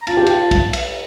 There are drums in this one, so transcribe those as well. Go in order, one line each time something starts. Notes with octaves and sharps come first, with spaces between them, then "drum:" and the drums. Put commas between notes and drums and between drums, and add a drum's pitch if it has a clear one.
A#5
F4 A5, drum: cymbal
G4
F4, drum: cymbal
drum: kick, cymbal
drum: cymbal